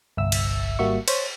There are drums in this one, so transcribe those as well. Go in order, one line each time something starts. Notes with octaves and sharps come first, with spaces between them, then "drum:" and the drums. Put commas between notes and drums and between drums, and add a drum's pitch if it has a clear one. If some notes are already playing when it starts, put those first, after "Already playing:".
G1 C2 E5 E6
drum: cymbal
G#1 G3 A#3 F#4 E5 C#6
C5 C#5, drum: cymbal